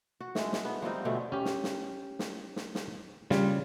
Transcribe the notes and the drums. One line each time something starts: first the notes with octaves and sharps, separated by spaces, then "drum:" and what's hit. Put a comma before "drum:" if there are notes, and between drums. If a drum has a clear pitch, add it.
F#4
G#3 A3, drum: snare
drum: snare
B3
F3 G3 C4 D#4
B2 D3 A3 C#4
C#4 G4
drum: snare
drum: snare
drum: snare
drum: snare
drum: snare
C#3 G3 F4, drum: snare